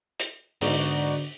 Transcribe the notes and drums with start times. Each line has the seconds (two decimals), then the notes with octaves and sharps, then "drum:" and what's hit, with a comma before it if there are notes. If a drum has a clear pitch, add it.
0.20 drum: hi-hat
0.61 G#2 D3 B3 D#4 F#4 D5, drum: open hi-hat